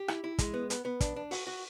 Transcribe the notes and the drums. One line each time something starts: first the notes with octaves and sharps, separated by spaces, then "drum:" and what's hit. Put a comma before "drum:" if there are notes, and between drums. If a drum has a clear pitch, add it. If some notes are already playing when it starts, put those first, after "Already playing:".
Already playing: G4
E4, drum: rim click
E4
G#3, drum: kick, hi-hat
B3
B3, drum: hi-hat
B3
D4, drum: kick, hi-hat
D4
F#4, drum: open hi-hat
F#4